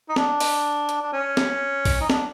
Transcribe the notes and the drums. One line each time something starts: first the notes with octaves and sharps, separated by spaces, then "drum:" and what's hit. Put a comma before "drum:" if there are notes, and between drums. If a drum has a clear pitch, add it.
D#4
D4, drum: snare
drum: open hi-hat
drum: hi-hat
D4
C#4
drum: snare
drum: kick A#1, open hi-hat
D#4
D4, drum: snare